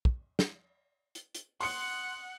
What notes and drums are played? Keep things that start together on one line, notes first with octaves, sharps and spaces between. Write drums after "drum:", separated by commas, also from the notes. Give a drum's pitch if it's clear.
drum: kick
drum: snare
drum: hi-hat
drum: hi-hat
F#5 C6 D#6 C#7, drum: open hi-hat